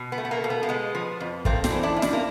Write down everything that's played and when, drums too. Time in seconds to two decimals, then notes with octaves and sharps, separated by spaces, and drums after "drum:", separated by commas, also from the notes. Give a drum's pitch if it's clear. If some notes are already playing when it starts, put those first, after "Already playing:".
Already playing: B2
0.12 B3
0.18 A3
0.25 B3
0.31 A#3
0.44 B2
0.50 B3
0.63 A#3
0.69 G#3 B3
0.95 F3
1.20 F2
1.45 A3 A#3 C4, drum: kick
1.64 C4 D4, drum: snare
1.71 E3
1.83 D4 E4
1.96 F2
2.02 D4 E4, drum: snare
2.13 A#3